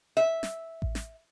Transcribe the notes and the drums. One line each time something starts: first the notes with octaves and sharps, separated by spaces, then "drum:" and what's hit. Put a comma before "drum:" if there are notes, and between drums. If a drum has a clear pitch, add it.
E5
drum: snare
drum: kick A1
drum: snare